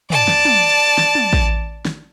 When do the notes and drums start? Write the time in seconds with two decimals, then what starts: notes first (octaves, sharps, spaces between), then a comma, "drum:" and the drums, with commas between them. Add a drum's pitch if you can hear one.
0.10 D5 A5, drum: tom
0.28 drum: snare
0.45 drum: tom
0.98 drum: snare
1.15 drum: tom
1.33 drum: kick A1
1.85 drum: snare